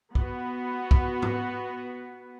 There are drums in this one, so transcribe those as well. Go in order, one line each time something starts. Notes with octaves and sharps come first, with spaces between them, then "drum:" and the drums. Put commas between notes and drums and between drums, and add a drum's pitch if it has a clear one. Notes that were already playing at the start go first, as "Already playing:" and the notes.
B3 F#4 B4, drum: kick
drum: kick
drum: tom